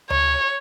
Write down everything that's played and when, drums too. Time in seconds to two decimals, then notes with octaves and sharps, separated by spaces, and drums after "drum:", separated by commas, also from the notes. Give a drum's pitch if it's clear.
0.10 C#5, drum: tom D2